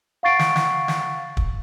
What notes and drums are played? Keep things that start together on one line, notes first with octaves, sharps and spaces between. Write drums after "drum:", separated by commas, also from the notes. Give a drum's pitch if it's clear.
F5 F#5 C#6 A6 C7 D7
drum: snare
drum: snare
drum: snare
drum: kick